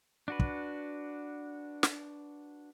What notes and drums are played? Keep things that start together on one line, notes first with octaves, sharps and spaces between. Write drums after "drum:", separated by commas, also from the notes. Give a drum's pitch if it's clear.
D4 F#4 B4
drum: kick
drum: snare